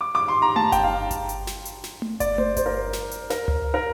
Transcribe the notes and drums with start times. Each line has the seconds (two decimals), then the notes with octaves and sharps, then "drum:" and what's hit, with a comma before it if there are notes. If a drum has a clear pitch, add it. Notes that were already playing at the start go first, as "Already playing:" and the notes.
0.01 D6
0.15 D6
0.28 C6
0.42 A#5
0.56 A5, drum: tom A3
0.72 G5, drum: kick G1, hi-hat
0.83 F5
1.11 drum: kick G1, hi-hat
1.29 drum: hi-hat
1.47 drum: snare
1.65 drum: hi-hat
1.84 drum: snare
2.02 drum: tom A3
2.20 D5, drum: kick G1, hi-hat
2.38 C5, drum: tom A3
2.57 C5, drum: kick G1, hi-hat
2.66 A#4
2.75 C5
2.93 drum: snare
3.11 drum: hi-hat
3.30 A#4, drum: snare
3.48 drum: tom C#2
3.74 A#4